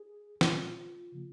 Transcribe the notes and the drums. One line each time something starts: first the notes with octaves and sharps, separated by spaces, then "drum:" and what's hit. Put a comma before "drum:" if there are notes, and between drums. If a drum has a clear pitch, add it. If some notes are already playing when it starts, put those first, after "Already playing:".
Already playing: G#4
A#2 G#3 F4, drum: snare
C#3 F3 A#3